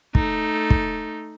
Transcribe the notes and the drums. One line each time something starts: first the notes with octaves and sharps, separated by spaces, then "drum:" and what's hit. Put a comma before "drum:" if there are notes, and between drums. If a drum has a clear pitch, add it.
A3 D#4, drum: kick
drum: kick